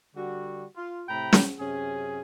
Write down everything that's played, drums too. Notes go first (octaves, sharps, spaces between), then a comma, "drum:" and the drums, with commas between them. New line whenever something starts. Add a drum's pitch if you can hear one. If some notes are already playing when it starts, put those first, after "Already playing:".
D3 G3 F#4
F4
A2 C3 G5 A#5 B5
drum: snare
F#2 C3 C#4 G#4